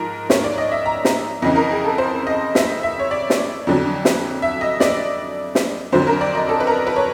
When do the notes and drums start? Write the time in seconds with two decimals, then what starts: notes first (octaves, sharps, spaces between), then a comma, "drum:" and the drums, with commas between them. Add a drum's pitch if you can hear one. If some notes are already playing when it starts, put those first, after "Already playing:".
Already playing: G#2 F3 A#4
0.30 C#5, drum: snare
0.44 D5
0.58 D#5
0.72 E5
0.86 A#5
1.05 drum: snare
1.42 F2 C#3 E3 D#5
1.56 A#4
1.71 G#4
1.85 A4
1.98 C5
2.27 D#5
2.55 E5, drum: snare
2.83 E5
2.99 C#5
3.11 D5
3.30 drum: snare
3.67 F2 D3 F#3
4.05 drum: snare
4.42 E5
4.61 D#5
4.80 D5, drum: snare
5.55 drum: snare
5.92 F2 D3 F#3 C5
6.07 A#4
6.21 D5
6.35 D#5
6.49 A4
6.60 B4
6.67 A#4
6.87 B4
6.96 C#5